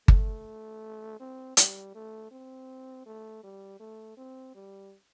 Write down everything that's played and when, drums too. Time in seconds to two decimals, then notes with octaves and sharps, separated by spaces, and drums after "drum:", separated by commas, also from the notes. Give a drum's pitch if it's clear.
0.08 A3, drum: kick G1
1.20 C4
1.57 G3, drum: hi-hat
1.95 A3
2.31 C4
3.06 A3
3.43 G3
3.80 A3
4.17 C4
4.55 G3